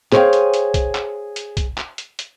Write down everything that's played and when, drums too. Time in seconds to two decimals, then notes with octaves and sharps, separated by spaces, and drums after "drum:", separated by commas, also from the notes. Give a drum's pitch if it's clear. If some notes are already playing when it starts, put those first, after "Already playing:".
0.12 G#4 C5 C#5 D#5 F5 G5, drum: clap
0.33 drum: hi-hat
0.54 drum: hi-hat
0.74 drum: kick B1, hi-hat
0.95 drum: clap
1.36 drum: hi-hat
1.57 drum: kick B1, hi-hat
1.77 drum: clap
1.98 drum: hi-hat
2.19 drum: hi-hat